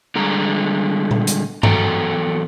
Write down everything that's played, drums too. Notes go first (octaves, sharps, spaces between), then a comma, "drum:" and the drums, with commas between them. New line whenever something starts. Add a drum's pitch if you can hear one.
D3 G3 G#3 A#5
drum: tom A#2
drum: hi-hat
E2 F#3 F#4 A4 G5 A#5, drum: tom G2